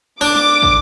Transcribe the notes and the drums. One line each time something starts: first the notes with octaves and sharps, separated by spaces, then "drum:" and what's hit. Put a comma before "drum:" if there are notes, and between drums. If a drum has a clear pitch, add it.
D4 D6
drum: snare
drum: kick